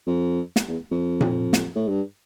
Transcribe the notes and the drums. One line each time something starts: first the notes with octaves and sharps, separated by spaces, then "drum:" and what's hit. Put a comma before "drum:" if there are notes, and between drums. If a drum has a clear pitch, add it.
F2
drum: snare
E2
F2
drum: tom A#2
drum: snare
A2
G2